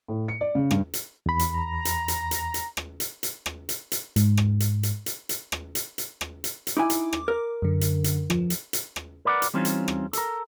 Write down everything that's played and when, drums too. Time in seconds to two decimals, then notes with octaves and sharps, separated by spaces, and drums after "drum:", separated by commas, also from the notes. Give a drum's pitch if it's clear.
0.08 A2
0.28 C#7
0.41 D5
0.55 C#3
0.71 G2, drum: rim click
0.94 drum: hi-hat
1.26 E2 B5
1.39 drum: hi-hat
1.55 A#5
1.85 drum: hi-hat
2.08 drum: hi-hat
2.31 drum: hi-hat
2.54 drum: hi-hat
2.77 drum: rim click
3.00 drum: hi-hat
3.23 drum: hi-hat
3.46 drum: rim click
3.69 drum: hi-hat
3.92 drum: hi-hat
4.16 G#2, drum: hi-hat
4.37 drum: rim click
4.60 drum: hi-hat
4.83 drum: hi-hat
5.06 drum: hi-hat
5.29 drum: hi-hat
5.52 drum: rim click
5.75 drum: hi-hat
5.98 drum: hi-hat
6.21 drum: rim click
6.44 drum: hi-hat
6.67 drum: hi-hat
6.77 D#4 E4 G#5 D6
6.90 drum: hi-hat
7.13 drum: rim click
7.28 A#4
7.62 F#2 D3
7.81 drum: hi-hat
8.04 drum: hi-hat
8.30 F3, drum: rim click
8.50 drum: hi-hat
8.73 drum: hi-hat
8.96 drum: rim click
9.25 A#4 B4 D5 F5 F#5
9.42 drum: hi-hat
9.54 E3 G3 C4 C#4 D#4 F4
9.65 drum: hi-hat
9.88 drum: rim click
10.13 A4 A#4, drum: hi-hat